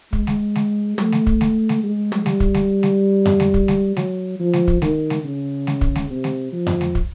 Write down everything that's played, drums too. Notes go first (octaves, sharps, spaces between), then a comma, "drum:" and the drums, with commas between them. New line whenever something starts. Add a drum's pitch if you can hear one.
G#3, drum: kick
drum: snare G#3
drum: snare G#3
A3, drum: tom
drum: snare G#3
drum: kick
drum: snare G#3
drum: snare G#3
G#3
drum: tom
G3, drum: snare G#3
drum: kick
drum: snare G#3
drum: snare G#3
drum: tom F2
drum: snare G#3
drum: kick
drum: snare G#3
F#3, drum: snare G#3
F3
drum: snare G#3
drum: kick
D#3, drum: snare G#3
drum: snare G#3
C#3
drum: snare G#3
drum: kick
drum: snare G#3
C3
drum: snare G#3
F3
drum: tom F2
drum: snare G#3
drum: kick